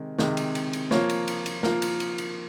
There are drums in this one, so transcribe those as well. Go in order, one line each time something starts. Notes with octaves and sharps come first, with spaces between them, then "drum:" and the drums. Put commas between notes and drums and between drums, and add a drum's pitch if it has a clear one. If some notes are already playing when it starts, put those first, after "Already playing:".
Already playing: C3 D#3 G#3
C3 D#3 G#3, drum: snare
drum: cymbal
drum: cymbal
drum: cymbal
F3 A#3 F4 C#5, drum: snare
drum: cymbal
drum: cymbal
drum: cymbal
F3 A#3 F4 A#4, drum: snare
drum: cymbal
drum: cymbal
drum: cymbal